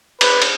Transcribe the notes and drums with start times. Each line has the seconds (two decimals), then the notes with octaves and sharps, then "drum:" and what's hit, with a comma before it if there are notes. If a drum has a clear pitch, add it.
0.21 B4, drum: cymbal
0.42 drum: cymbal